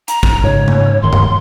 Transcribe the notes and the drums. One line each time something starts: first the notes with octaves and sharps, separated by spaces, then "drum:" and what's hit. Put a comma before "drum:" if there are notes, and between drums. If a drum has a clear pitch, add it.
A#5, drum: hi-hat
drum: kick
G#2 C#3 C#5
drum: tom C#3
D1 G#2 D#3 C6
drum: tom G2